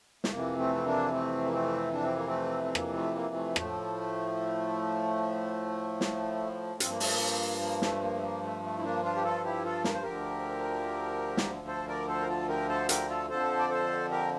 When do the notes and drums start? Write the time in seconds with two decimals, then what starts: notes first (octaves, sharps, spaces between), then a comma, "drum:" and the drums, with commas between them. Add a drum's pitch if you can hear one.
0.24 A3, drum: snare
0.31 F2 C3 E3 A#3
0.58 A3 C4
0.75 C4
0.85 A#3 D4
1.13 A3 C4
1.45 A#3
1.53 A3 C4
1.93 D4
2.04 C4
2.15 A#3
2.27 A3 C4
2.64 C4
2.75 A#3, drum: rim click
2.95 A3
3.15 A#3
3.35 A3
3.56 A2 F3 A3, drum: rim click
6.01 drum: snare
6.80 G2 F3 C4, drum: hi-hat
6.91 A#3
7.00 A3, drum: open hi-hat
7.10 A#3
7.62 A#3
7.82 A3, drum: snare
8.02 A#3
8.16 A3
8.22 A#3
8.43 A3
8.63 A3
8.78 E4
8.83 A#3 D4
9.03 D4 F4
9.16 G4
9.24 F4 A4
9.45 E4 G4
9.64 F4 A4
9.84 A#4, drum: snare
9.94 C5
10.03 D2 D3 F3 G4 A#4
11.37 drum: snare
11.67 A4 C5
11.88 A#4 D5
12.08 A4 C5
12.21 A#4
12.28 F4 A4
12.49 G4 A#4
12.69 A4 C5
12.89 G4 A#4, drum: hi-hat
13.09 F4 A4
13.29 F2 D3 F3 A4 C5
13.58 D5
13.70 A4 C5
14.11 G4 A#4